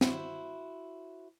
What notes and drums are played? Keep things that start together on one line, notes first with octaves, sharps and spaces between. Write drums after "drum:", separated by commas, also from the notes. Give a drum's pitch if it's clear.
E4 F#4 C5, drum: snare